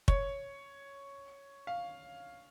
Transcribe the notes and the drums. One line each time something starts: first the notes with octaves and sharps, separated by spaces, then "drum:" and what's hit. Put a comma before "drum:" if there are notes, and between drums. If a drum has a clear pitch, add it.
C#5, drum: kick
F5